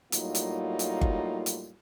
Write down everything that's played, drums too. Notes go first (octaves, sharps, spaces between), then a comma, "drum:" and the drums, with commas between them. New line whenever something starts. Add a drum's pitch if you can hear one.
A2 F#3 G3 A#3 D#4 F4, drum: hi-hat
drum: hi-hat
drum: hi-hat
drum: kick G1
drum: hi-hat